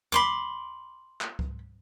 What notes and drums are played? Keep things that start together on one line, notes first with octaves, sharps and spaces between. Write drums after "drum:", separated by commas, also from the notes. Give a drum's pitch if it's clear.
B5 C6 D6, drum: tom
drum: clap
drum: kick C#2